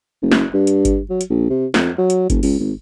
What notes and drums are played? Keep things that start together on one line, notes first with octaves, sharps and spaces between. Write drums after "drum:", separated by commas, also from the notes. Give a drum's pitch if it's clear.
F#1
drum: snare
G2
drum: hi-hat
drum: kick G1, hi-hat
F#3
drum: hi-hat
A#1
C3
F2, drum: snare
F#3
drum: hi-hat
F1, drum: kick G1, hi-hat
C#2, drum: open hi-hat
G#1